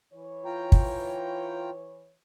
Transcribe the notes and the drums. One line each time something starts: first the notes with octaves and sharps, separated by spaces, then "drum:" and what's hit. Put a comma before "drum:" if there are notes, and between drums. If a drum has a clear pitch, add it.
E3 C#5
F4 G5 A#5
drum: kick